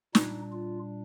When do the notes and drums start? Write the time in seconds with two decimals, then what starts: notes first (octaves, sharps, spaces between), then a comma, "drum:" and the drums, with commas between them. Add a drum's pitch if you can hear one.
0.15 A#2 G3 D4 D#4, drum: snare
0.52 F4